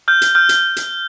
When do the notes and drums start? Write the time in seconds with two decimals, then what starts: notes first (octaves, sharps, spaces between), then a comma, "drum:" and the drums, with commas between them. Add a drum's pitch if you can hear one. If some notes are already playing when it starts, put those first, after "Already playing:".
0.08 F6 G6
0.22 drum: hi-hat
0.35 F6 G6
0.49 drum: hi-hat
0.76 drum: hi-hat